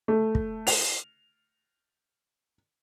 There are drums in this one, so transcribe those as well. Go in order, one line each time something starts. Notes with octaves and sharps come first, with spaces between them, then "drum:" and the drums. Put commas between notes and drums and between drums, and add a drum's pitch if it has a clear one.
A3
drum: kick
F7, drum: open hi-hat